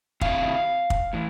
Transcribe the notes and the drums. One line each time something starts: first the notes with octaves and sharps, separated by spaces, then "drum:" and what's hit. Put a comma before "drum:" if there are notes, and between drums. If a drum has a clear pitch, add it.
C3 D#3 E4 F5, drum: kick
drum: kick
A2 E3